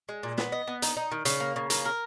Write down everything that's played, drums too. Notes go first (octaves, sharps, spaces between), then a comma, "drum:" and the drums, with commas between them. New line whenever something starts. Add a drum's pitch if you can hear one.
G#3
A#2
B3, drum: snare
D#5
B3
D#4, drum: hi-hat
D#4
D#3
C#3, drum: hi-hat
A#3
C#3
A#3, drum: hi-hat
A#4